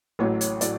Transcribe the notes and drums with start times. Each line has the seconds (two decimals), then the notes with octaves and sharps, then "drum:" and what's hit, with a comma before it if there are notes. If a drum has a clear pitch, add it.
0.19 A1 A2 F#3 A3 C#5
0.41 C#5, drum: hi-hat
0.61 A2 F#3 A3 D5, drum: hi-hat